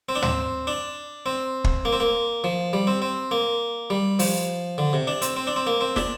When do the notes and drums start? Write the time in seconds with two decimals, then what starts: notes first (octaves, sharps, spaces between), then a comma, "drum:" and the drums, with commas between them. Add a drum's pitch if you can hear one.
0.09 C4
0.15 D4
0.22 C4, drum: tom
0.67 D4
1.26 C4
1.64 drum: kick
1.85 A#3
1.92 C4
2.00 A#3
2.44 F3
2.73 G3
2.87 C4
3.02 C4
3.31 A#3
3.90 G3
4.19 F3, drum: open hi-hat
4.78 D3
4.93 C3
5.07 D4
5.22 C4, drum: hi-hat
5.37 C4
5.47 D4
5.56 C4
5.67 A#3
5.81 C4
5.96 D4, drum: snare